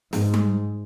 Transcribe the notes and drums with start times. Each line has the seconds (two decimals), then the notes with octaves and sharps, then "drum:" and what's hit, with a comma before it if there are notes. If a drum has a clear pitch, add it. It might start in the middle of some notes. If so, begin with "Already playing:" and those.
0.13 G#2, drum: snare
0.34 drum: tom G3